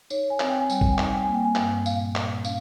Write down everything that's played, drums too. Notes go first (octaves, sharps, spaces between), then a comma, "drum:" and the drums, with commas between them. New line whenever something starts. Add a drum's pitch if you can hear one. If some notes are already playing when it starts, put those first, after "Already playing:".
D#4 C#5, drum: tambourine
G#5
C4, drum: clap
G5
G#5
G3 G5, drum: tambourine
G#5, drum: kick
G5
D#4 G#5, drum: clap
G5
A#3 G#5
G5
G#5
G2 G5, drum: clap
A#2 F5, drum: tambourine
A#2, drum: clap
C#4 F5, drum: tambourine